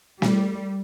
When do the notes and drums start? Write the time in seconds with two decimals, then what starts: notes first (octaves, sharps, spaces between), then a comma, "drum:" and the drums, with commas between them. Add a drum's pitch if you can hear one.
0.22 G3, drum: snare